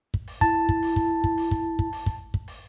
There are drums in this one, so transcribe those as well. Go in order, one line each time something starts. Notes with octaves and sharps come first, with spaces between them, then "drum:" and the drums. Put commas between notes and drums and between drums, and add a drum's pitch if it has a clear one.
drum: kick
drum: open hi-hat
E4 A5, drum: kick
drum: kick
drum: open hi-hat
drum: kick
drum: kick
drum: open hi-hat
drum: kick
drum: kick
drum: open hi-hat
drum: kick
drum: kick
drum: open hi-hat